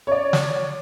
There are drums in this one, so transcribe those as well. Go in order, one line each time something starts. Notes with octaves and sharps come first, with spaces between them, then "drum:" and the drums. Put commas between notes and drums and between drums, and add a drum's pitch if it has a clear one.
C#5 D5
drum: snare